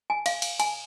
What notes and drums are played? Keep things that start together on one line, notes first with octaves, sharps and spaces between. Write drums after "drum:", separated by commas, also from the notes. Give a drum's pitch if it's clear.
G#5
F5, drum: cymbal
drum: cymbal
G#5, drum: cymbal